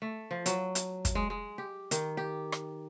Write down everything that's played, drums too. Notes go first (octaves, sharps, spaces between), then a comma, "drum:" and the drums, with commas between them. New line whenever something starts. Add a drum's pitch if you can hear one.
A3
F3
F#3, drum: hi-hat
drum: hi-hat
drum: kick, hi-hat
G#3
G#3
G4
D#3, drum: hi-hat
G4
drum: rim click